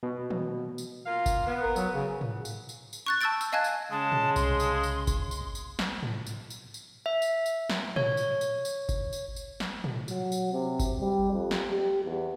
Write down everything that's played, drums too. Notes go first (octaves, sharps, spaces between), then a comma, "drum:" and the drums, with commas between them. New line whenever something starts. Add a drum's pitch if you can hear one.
B2
drum: tom
drum: tambourine
A#3 F4 F5
drum: kick G1, tambourine
B3
A#4
F#3, drum: tambourine
C#3
drum: tom G#2
drum: tambourine
drum: tambourine
drum: tambourine
C#6 F#6 A6
A5 C#6 E6 G6 A6 D7
E6, drum: tambourine
D#5 F5 G#5 A5 F#6 G#6
drum: tambourine
C#3 G#3 A5
drum: tom
C2 C6, drum: tambourine
drum: tambourine
drum: tambourine
drum: kick G1, tambourine
drum: tambourine
drum: tambourine
drum: snare
drum: tom G#2
drum: tambourine
drum: tambourine
drum: tambourine
E5
drum: tambourine
drum: tambourine
drum: snare
C#5, drum: tom
drum: tambourine
drum: tambourine
drum: tambourine
drum: kick G1, tambourine
drum: tambourine
drum: tambourine
drum: snare
drum: tom
F#3, drum: tambourine
drum: tambourine
C3
drum: kick G1, tambourine
G3
F2
drum: snare
G4
E2